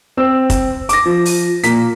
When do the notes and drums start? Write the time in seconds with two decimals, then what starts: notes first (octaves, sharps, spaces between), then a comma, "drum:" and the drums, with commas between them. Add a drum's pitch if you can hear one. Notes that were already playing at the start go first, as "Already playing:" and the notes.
0.17 C4 E6
0.50 drum: kick, hi-hat
0.89 D6 A#6, drum: hi-hat
1.06 F3
1.25 drum: open hi-hat
1.63 A#2 A#3 B6, drum: hi-hat